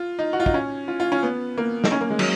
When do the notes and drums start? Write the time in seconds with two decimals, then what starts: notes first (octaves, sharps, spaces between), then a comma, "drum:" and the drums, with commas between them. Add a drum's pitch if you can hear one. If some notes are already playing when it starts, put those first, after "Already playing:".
Already playing: F4
0.19 D#4
0.33 F#4
0.40 F4
0.46 D#4, drum: kick
0.54 C#4
0.88 F4
1.00 F4
1.12 C#4
1.23 B3
1.58 A#3
1.84 D#4, drum: snare
1.92 C#4
2.01 A#3
2.10 G#3
2.19 F#3, drum: cymbal